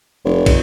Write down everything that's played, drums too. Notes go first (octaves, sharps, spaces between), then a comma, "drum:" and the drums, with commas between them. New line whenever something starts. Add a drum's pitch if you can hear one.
F1
drum: kick, cymbal